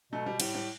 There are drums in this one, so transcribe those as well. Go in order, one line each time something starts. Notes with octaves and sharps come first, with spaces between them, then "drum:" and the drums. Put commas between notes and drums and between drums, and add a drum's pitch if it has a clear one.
B2 F#3 A3
G3
A2 G3, drum: cymbal
G3